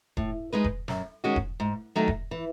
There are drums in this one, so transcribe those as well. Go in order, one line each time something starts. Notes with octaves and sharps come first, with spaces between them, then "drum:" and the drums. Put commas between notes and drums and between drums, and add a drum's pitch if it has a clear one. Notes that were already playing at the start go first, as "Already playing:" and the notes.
A2, drum: kick E1
G#3 D#4 G#4 B4
drum: kick E1
F#2, drum: snare
D#3 G#3 C#4 F#4
drum: kick E1
G#2
D#3 F#3 A3 D#4
drum: kick E1
E3